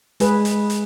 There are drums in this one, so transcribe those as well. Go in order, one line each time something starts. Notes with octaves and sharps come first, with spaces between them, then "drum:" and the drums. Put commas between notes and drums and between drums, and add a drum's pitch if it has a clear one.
G#3 G#4 B4, drum: hi-hat
drum: hi-hat
drum: hi-hat